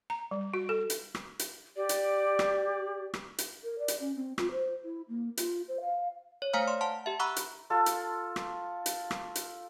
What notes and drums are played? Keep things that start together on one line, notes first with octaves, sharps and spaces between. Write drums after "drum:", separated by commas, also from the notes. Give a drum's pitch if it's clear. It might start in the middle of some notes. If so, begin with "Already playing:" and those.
A#5
G3
F#4
A4
drum: hi-hat
drum: rim click
drum: hi-hat
G4 D5
drum: hi-hat
drum: rim click
drum: rim click
drum: hi-hat
A#4
D5
drum: hi-hat
C#4
C4
F4, drum: rim click
C5
E4
A#3
F4, drum: hi-hat
C5
F5
C#5
A3 C5 F5 G#5 A#5 F6
D5 C6
F#5 A5 C6
G4 E5
F#5 A#5 B5 C#6 E6 F#6
drum: hi-hat
F4 A4
drum: hi-hat
drum: rim click
drum: hi-hat
drum: rim click
drum: hi-hat